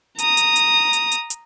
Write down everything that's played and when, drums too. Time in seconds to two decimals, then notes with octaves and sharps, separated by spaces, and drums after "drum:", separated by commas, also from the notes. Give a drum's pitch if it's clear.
0.18 A#5 D#6, drum: hi-hat
0.37 drum: hi-hat
0.56 drum: hi-hat
0.93 drum: hi-hat
1.12 drum: hi-hat
1.30 drum: hi-hat